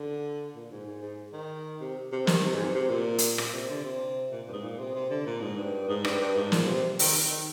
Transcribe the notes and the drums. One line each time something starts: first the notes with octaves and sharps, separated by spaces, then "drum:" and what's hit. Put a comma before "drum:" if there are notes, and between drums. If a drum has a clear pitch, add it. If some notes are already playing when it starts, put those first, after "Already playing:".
Already playing: D3
A#2
G#2
G#2
G#2
D#3
C3
C3
D#3, drum: snare
C3
G#2
C3
C3
A#2
drum: hi-hat
A#2, drum: rim click
C3
D3
C3
A#2
G2
G#2
A#2
C3
C3
D3
A#2
G#2
G2
G#2
G2, drum: rim click
G2
G#2
A#2, drum: snare
C3
D#3, drum: open hi-hat
D#3